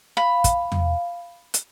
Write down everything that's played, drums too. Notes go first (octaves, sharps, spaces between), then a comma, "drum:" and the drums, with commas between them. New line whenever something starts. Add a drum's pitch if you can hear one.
F5 B5
drum: kick, hi-hat
drum: tom E2
drum: hi-hat